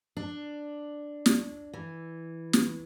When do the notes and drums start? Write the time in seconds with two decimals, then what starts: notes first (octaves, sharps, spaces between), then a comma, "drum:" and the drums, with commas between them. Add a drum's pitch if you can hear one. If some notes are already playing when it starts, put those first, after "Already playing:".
0.17 D4
1.26 drum: snare
1.74 E3
2.53 drum: snare